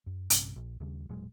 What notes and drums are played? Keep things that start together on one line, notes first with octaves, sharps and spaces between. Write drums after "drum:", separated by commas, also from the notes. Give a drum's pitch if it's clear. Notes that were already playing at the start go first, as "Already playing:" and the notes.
F#2
A#1 G2 C3 C#4, drum: hi-hat
A#1
D#2 C#3 G3
E1 A#2 F#3 G#3